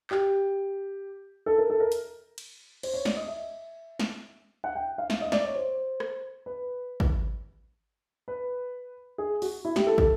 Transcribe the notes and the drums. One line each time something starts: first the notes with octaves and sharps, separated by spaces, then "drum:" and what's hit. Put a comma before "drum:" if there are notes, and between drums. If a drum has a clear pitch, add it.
G4, drum: clap
A4
A#4
A4
A#4
drum: hi-hat
drum: cymbal
C5, drum: cymbal
C#5
D5, drum: snare
D#5
E5
drum: snare
F#5
G5
F5
E5, drum: snare
D#5
D5, drum: snare
C#5
C5
drum: rim click
B4
drum: kick
B4
G#4
F#4, drum: open hi-hat
E4
G4, drum: snare
A4
A4, drum: kick